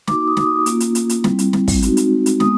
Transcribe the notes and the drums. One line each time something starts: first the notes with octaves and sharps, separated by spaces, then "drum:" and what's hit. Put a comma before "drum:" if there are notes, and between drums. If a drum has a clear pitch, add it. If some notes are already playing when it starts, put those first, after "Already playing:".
A#3 D#4 F#4 D6, drum: snare
D#6
drum: snare
D#6
A#3 C#4 F4, drum: hi-hat
drum: hi-hat
drum: hi-hat
drum: hi-hat
G3 C4 E4, drum: snare
drum: hi-hat
drum: snare
drum: kick, open hi-hat
G#3 C4 D#4 F#4, drum: hi-hat
drum: hi-hat
drum: hi-hat
G#3 B3 D#6, drum: snare